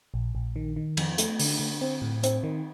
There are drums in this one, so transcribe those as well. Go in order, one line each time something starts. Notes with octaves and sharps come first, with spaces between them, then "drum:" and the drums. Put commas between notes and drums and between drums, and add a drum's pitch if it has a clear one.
A#1
A#1
D#3
D#3
F2, drum: cymbal
A3, drum: hi-hat
D3, drum: open hi-hat
D3
C4
A2
C4, drum: hi-hat
D#3